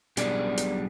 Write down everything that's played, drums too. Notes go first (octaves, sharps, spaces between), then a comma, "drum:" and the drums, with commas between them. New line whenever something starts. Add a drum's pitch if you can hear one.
B1 B2 G3 D4 G#4 D5, drum: hi-hat
drum: hi-hat